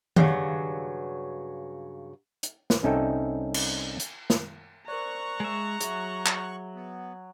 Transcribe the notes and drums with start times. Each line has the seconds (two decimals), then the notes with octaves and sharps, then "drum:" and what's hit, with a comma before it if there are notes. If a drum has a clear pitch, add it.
0.16 G2 C#3 F#3, drum: tom D#3
2.43 drum: hi-hat
2.70 drum: snare
2.83 C2 C#4 D#4 A4 E5 G5
3.54 drum: cymbal
4.00 drum: hi-hat
4.30 drum: snare
4.88 A#4 C5 D5 A#5 C#6 F#6
5.40 G#3 E5
5.81 F#3 G#4 E5, drum: hi-hat
6.26 drum: clap
6.75 B3